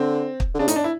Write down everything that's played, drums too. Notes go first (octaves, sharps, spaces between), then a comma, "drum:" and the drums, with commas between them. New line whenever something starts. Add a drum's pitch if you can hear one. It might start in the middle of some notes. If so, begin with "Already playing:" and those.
Already playing: D3 C4
drum: kick
D3
C#3 D4
A2 D#4, drum: hi-hat
D4
E4